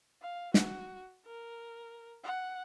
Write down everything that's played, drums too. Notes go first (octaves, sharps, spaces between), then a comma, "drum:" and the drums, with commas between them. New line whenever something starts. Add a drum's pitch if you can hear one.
F5
F#4, drum: snare
A#4
F#5